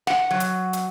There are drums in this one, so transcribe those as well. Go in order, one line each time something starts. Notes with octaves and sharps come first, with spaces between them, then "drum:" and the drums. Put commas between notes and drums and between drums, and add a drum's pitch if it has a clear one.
F#5, drum: snare
F#3
drum: hi-hat
drum: hi-hat